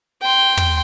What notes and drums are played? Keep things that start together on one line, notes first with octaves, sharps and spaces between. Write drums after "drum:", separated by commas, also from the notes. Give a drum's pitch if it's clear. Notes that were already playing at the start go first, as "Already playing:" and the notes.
G5 C6
drum: tom